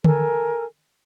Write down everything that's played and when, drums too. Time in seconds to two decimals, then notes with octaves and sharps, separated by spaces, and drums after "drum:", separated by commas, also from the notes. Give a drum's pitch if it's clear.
0.04 A4 A#4 G#5, drum: tom D3